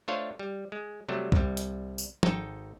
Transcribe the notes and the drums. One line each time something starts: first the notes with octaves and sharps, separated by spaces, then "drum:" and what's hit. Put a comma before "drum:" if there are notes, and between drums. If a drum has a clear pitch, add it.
A3 D4 F4 C5 C#5 F5
G3
G#3
C3 F#3 G3 A3
C2 G3, drum: kick C2
drum: hi-hat
drum: tambourine
G#1 D#4 A4 G5, drum: tom